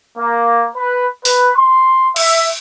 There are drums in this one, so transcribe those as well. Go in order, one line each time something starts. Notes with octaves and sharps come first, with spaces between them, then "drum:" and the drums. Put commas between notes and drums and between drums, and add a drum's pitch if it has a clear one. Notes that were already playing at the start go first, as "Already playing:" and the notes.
A#3
B4
B4, drum: open hi-hat
C6
E5, drum: cymbal